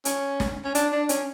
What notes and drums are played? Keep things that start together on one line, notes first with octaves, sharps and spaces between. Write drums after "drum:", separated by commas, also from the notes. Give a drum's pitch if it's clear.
C#4, drum: hi-hat
drum: snare
C#4
D4, drum: hi-hat
D4
C#4, drum: hi-hat